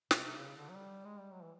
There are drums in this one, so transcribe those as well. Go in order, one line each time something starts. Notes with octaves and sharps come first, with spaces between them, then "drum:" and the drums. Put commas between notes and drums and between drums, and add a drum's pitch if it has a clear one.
B2, drum: snare
C3
C#3
D3
F#3
G3
G#3
G3
F#3
E3